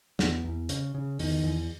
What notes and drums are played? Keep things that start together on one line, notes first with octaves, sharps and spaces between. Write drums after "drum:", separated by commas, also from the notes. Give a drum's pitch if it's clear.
E2 B3, drum: snare
E2
C#3, drum: hi-hat
C#3
E2 D#3, drum: open hi-hat
E2